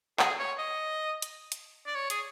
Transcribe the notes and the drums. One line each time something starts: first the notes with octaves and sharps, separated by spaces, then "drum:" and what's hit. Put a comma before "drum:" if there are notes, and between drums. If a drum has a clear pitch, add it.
G#4, drum: clap
C#5
D#5
drum: hi-hat
drum: hi-hat
D5
C#5
G#4, drum: hi-hat